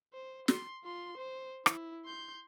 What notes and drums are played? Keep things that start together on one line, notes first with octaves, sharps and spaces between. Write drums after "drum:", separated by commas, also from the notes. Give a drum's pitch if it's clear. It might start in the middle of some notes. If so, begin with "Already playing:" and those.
C5
C6, drum: snare
F4 C6
C5
E4, drum: rim click
C6 G6